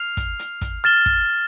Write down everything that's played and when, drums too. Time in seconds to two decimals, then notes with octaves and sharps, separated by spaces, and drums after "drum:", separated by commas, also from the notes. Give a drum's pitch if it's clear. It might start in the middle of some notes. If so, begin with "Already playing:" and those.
Already playing: F6 C7 F7
0.17 drum: kick, hi-hat
0.39 drum: hi-hat
0.61 drum: kick, hi-hat
0.84 F6 A6 E7 G7
1.06 drum: kick